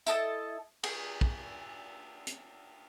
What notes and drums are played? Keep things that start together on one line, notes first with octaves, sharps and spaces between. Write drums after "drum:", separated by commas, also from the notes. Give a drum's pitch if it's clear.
E4 A4 D#5 A5, drum: tambourine
G#4, drum: cymbal
drum: kick
drum: hi-hat